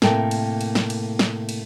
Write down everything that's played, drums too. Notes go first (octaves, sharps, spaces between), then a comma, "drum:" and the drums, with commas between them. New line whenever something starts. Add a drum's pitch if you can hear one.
A2 C3 A#3 A4 G5, drum: snare
drum: cymbal
drum: cymbal
drum: snare
drum: cymbal
drum: snare
drum: cymbal